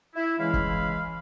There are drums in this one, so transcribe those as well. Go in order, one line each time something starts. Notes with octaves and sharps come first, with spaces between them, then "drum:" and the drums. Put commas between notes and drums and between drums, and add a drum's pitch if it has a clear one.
E4
C#3 E3 G#3 F5 B5 F6
drum: kick